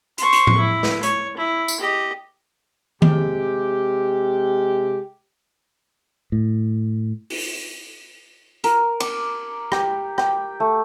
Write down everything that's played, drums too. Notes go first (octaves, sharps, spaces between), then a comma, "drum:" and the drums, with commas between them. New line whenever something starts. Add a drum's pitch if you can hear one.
C5 C#6, drum: hi-hat
drum: hi-hat
drum: tom A2
E4
drum: snare
C#5, drum: hi-hat
E4
drum: tambourine
G4 D#5
C3 G#3 G4, drum: tom D#3
A2
drum: open hi-hat
A#4, drum: hi-hat
D6, drum: cymbal
G4, drum: rim click
G5, drum: rim click
A3